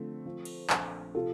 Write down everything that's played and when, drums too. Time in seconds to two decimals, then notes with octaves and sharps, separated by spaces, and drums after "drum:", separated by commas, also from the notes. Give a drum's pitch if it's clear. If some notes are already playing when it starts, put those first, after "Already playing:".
Already playing: D3 F3 A3 C4
0.26 F3
0.45 drum: cymbal
0.70 A#1, drum: clap
1.15 C3 F4 A4